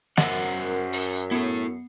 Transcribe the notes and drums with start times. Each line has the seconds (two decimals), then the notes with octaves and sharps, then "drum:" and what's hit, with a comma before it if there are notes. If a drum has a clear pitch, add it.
0.17 F#2 A#4 C5 F#5 E6, drum: snare
0.93 drum: open hi-hat
1.31 B3 E4 A4 C7 C#7